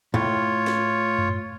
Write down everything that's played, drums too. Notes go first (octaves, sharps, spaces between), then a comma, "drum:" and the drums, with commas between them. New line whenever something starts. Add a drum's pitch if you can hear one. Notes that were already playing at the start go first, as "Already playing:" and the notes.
A2 F4 C#5
drum: snare
drum: tom F#2